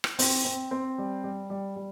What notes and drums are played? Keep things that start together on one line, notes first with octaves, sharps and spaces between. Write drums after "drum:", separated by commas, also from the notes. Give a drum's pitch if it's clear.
drum: rim click
C4, drum: open hi-hat
C4
C4
G3
G3
G3
G3